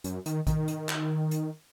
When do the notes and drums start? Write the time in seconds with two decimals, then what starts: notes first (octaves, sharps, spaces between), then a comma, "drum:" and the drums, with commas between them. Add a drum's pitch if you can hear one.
0.04 F#2, drum: hi-hat
0.26 D#3, drum: hi-hat
0.47 D#3, drum: kick, hi-hat
0.68 drum: hi-hat
0.89 drum: clap
1.31 drum: hi-hat